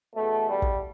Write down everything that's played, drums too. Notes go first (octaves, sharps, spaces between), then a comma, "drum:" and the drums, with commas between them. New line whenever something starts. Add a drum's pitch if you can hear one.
E2 B2 A3
G3
drum: kick